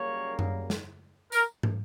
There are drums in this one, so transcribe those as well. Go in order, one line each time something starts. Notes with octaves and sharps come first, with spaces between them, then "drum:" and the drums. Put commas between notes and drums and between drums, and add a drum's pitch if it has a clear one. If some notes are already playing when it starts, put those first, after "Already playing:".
Already playing: F#2 C#3 G3 A#3 C#5
drum: tom F#2
drum: snare
A#4, drum: tambourine
drum: tom